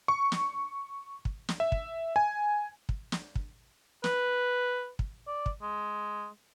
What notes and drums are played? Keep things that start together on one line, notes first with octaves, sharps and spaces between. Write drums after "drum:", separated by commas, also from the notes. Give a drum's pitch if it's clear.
C#6
drum: snare
drum: kick
drum: snare
E5
drum: kick
G#5
drum: kick
drum: snare
drum: kick
B4, drum: snare
drum: kick
D5
drum: kick
G#3